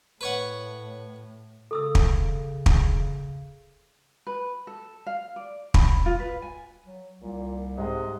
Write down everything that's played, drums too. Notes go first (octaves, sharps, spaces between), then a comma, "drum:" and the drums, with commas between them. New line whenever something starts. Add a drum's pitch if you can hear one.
A2 B4 C#5 F#5
C#3 A4 D#6 E6
drum: kick
drum: kick
B4
A4
F5
D5
B5, drum: kick
F4
B4
G#5
F#3
C2 A#2
G#2 C3 G#3 D#5